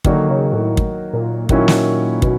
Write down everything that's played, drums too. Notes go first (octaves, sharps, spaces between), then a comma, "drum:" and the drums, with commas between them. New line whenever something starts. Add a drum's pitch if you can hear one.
D3 D#3 F#3 A#3 D#4 F#4, drum: kick
C#3
A2
drum: kick
A#2
A#2 D#3 F#3 A#3 C#4 E4, drum: kick
drum: snare
B2, drum: kick